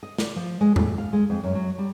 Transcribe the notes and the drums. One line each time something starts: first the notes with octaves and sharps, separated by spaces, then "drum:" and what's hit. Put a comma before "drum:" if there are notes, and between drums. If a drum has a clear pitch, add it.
D#5
D5, drum: snare
F3
G#3
A2, drum: tom E2
F5
G#3
F2
F#2
F#3
G3